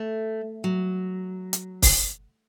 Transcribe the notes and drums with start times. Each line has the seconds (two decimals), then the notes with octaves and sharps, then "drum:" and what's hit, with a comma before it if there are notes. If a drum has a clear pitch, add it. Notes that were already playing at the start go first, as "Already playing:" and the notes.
Already playing: A3
0.64 F#3
1.53 drum: hi-hat
1.82 drum: kick, open hi-hat